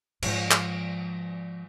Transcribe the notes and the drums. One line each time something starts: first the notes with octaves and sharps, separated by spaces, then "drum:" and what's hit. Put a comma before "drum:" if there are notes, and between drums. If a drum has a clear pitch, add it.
G#2 F3, drum: cymbal
drum: clap